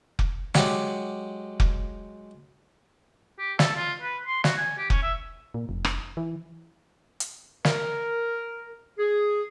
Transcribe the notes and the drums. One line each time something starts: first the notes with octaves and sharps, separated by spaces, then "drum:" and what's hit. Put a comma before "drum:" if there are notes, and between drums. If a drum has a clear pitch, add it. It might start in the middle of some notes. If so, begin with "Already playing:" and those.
drum: kick F1
F#3 G#3 G4 F#5 D6, drum: snare
drum: kick F1
G4
A4, drum: snare
F4
B4
C6
F#4, drum: snare
G#5
G4
C#4, drum: kick F1
E5
A#2
F1
drum: rim click
E3
drum: hi-hat
A#4, drum: snare
G#4